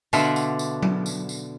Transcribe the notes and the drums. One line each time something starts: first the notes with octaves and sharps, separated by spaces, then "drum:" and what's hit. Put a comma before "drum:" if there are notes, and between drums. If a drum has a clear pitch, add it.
B2 D3 D4 F4 E5 F#5, drum: tambourine
drum: tambourine
drum: tambourine
drum: tom F#3
drum: tambourine
drum: tambourine